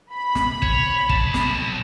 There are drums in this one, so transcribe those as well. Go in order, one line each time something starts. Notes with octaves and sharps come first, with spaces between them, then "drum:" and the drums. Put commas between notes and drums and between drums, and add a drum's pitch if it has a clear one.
B5
drum: snare
C#5, drum: kick
B1 A5, drum: kick
drum: snare